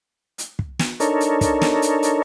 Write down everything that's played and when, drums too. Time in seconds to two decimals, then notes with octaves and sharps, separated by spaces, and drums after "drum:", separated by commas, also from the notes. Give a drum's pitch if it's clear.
0.38 drum: hi-hat
0.59 drum: kick
0.79 drum: snare
1.00 D4 D#4 A4 A#4 C#5, drum: hi-hat
1.20 drum: hi-hat
1.41 drum: kick, hi-hat
1.62 drum: snare
1.82 drum: hi-hat
2.03 drum: hi-hat